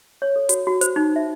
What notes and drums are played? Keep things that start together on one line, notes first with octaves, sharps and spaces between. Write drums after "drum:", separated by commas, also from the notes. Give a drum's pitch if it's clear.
C#5
A4
F#4, drum: hi-hat
F#4
C5, drum: hi-hat
D#4
E5